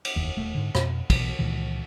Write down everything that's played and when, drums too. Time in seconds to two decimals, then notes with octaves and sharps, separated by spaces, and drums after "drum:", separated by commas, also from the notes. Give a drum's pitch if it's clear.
0.05 drum: cymbal
0.16 F1 D#2
0.37 D#1 A3
0.55 G#2 D3
0.75 F2 B2, drum: rim click
1.10 B1 B2 E3, drum: kick, cymbal
1.39 C#2 A#2 D#3 E3